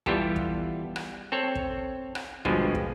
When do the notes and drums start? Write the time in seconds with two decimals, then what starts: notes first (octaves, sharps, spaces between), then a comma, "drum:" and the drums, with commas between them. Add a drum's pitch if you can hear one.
0.06 E3 G3 B3 F4 G4 A4, drum: kick
0.36 drum: kick
0.96 drum: rim click
1.32 C4 A4 C#5
1.55 drum: kick
2.15 drum: rim click
2.45 G2 B2 D3 F3 G#3, drum: kick
2.75 drum: kick